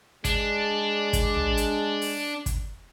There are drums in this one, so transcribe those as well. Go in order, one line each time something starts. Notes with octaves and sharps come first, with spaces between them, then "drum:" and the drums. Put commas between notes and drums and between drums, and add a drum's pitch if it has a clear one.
G#3 D4, drum: kick, hi-hat
drum: kick, hi-hat
drum: tom A#1
drum: hi-hat
drum: open hi-hat
drum: kick, hi-hat